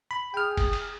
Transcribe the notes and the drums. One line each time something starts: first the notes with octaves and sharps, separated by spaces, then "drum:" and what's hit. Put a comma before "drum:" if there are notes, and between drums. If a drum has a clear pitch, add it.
B5
G#4 G5 F6
drum: kick F#1, cymbal
drum: cymbal